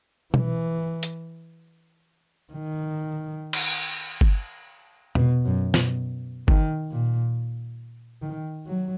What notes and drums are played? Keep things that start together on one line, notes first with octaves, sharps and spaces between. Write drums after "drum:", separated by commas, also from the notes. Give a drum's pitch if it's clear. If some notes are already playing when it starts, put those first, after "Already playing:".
E3, drum: tom B2
drum: hi-hat
D#3
drum: cymbal
drum: kick G1
B2, drum: tom
F#2
B2, drum: snare
D#3, drum: kick G1
A#2
D#3
F#3